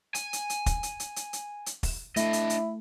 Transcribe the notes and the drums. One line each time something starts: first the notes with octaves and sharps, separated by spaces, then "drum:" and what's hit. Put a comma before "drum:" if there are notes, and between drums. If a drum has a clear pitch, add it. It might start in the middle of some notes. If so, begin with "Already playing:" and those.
G#5, drum: hi-hat
drum: hi-hat
drum: hi-hat
drum: kick, hi-hat
drum: hi-hat
drum: hi-hat
drum: hi-hat
drum: hi-hat
drum: hi-hat
drum: kick, open hi-hat
A3 D4 E4 D#5, drum: hi-hat
drum: hi-hat
drum: hi-hat